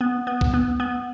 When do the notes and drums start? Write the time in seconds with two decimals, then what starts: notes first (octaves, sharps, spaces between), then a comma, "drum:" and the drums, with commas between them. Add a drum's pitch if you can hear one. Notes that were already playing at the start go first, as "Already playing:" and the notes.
0.01 B3
0.27 B3
0.41 drum: kick
0.54 B3
0.80 B3